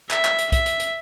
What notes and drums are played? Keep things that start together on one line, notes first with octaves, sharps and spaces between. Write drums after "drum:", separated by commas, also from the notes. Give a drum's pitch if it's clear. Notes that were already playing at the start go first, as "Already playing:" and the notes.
E5, drum: clap
drum: clap
drum: hi-hat
E5, drum: kick, hi-hat
drum: hi-hat
drum: hi-hat